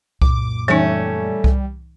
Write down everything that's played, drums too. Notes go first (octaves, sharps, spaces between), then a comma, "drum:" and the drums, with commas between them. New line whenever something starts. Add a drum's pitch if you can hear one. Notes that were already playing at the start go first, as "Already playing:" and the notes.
F#2 A#2 D6, drum: kick C2
E3 G3 A3 C#4 D#4
drum: kick C2